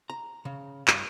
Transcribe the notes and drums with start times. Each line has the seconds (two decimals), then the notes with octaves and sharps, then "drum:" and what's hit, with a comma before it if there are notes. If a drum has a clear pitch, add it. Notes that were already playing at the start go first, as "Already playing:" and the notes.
0.10 A#5
0.45 C#3
0.88 G2, drum: clap